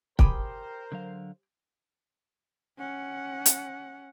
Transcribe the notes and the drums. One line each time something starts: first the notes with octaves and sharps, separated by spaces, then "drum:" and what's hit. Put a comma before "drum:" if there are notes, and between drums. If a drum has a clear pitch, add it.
G4 G#4 A#4 C5 G5 B5, drum: kick
D3 F#3 F5
C#4 F#5
drum: hi-hat